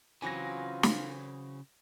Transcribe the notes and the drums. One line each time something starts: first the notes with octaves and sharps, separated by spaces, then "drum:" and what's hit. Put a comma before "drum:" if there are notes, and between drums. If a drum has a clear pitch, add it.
C#3 E3 F#3 C4 F4 G#5 A#6
drum: snare